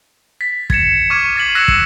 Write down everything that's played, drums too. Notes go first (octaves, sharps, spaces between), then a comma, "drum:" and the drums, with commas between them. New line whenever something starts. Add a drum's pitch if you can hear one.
A6 B6
G#6 A6 C#7 E7, drum: kick
C#6 D6 F6 G#6 D#7
D6 G#6 A6 B6 C7 F#7
E6 F#6 G#6 A#6 C#7 E7
drum: kick